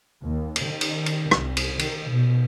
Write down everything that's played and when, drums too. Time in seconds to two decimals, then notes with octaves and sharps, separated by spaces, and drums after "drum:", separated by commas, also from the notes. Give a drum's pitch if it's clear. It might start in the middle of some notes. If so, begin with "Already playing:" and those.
0.23 D#2
0.56 drum: cymbal
0.65 D#3
0.81 drum: cymbal
1.06 drum: cymbal
1.31 C2, drum: rim click
1.57 drum: cymbal
1.79 D#3, drum: cymbal
2.11 B2